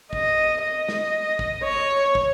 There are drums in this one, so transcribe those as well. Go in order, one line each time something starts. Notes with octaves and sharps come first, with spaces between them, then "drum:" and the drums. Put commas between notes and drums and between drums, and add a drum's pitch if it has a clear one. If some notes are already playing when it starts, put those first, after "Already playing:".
D#5, drum: kick
D#5
drum: snare
drum: kick
C#5
drum: kick